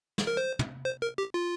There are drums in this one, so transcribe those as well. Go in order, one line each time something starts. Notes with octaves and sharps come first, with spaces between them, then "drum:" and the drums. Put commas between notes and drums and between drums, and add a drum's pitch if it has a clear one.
drum: snare
A#4
C5
drum: tom
C5
A#4
G4
F4